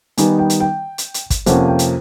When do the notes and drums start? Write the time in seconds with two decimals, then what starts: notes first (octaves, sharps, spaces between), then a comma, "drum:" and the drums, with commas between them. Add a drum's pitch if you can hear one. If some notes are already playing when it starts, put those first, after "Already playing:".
0.18 D#3 G3 B3 D#4 G#5, drum: hi-hat
0.39 G5
0.50 drum: hi-hat
0.60 G5
0.98 drum: hi-hat
1.14 drum: hi-hat
1.30 drum: kick, hi-hat
1.46 F2 C3 F3 A#3 C#4 F#5, drum: hi-hat
1.68 G5
1.79 drum: hi-hat